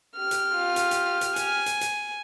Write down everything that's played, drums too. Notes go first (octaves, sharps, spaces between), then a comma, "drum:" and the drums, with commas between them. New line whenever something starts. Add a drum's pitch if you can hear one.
G4 F6
drum: hi-hat
F4
drum: hi-hat
drum: hi-hat
drum: hi-hat
G#5, drum: hi-hat
drum: hi-hat
drum: hi-hat